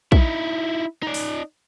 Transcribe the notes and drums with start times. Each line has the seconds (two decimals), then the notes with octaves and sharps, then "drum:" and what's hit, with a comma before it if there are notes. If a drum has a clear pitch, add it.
0.12 D#4 E4, drum: kick A#1
1.03 D#4 D5
1.14 drum: open hi-hat